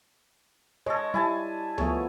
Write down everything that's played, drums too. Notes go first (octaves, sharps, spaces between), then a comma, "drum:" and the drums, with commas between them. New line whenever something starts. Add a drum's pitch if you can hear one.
G#3 A4 C#5 D#5
G3 E4 G#5 A5
F3 A3 B3 G#4 C#5, drum: tom C#2